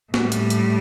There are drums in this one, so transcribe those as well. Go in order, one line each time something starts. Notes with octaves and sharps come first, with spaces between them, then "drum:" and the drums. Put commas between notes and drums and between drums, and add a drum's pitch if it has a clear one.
A2 G3, drum: snare
drum: hi-hat
drum: hi-hat